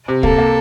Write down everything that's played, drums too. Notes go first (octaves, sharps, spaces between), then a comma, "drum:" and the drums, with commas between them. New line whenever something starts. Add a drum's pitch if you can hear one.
C3
A#3 A4, drum: kick C#2
A#3